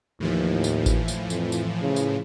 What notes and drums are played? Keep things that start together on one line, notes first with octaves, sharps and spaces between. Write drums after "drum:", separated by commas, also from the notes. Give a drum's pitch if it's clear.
D#2 A2 E3 F3
drum: tambourine
drum: kick G#1, tambourine
drum: tambourine
F2, drum: tambourine
drum: tambourine
C#3
drum: tambourine